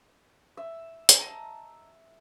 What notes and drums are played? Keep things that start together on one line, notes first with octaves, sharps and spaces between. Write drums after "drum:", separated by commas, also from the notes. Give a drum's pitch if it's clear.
E5
drum: hi-hat
D#5 A5 A#5